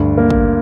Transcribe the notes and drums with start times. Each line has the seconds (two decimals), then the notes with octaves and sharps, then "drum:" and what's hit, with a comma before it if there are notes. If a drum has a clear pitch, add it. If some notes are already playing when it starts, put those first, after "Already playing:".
Already playing: D2 G2
0.18 A#3
0.30 drum: kick G#1